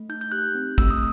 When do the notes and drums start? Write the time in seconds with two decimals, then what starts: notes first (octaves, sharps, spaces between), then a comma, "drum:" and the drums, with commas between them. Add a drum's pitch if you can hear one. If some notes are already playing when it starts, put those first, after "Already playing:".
Already playing: A3
0.09 D#4 G6
0.21 G6
0.32 G4 F#6
0.55 C4
0.78 A3 E6, drum: kick
0.91 D#6